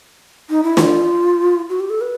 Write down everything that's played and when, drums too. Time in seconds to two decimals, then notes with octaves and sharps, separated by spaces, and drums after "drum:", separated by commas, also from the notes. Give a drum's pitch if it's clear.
0.50 D#4
0.63 E4
0.77 F4, drum: snare
1.70 F#4
1.80 G4
1.90 A4
2.01 B4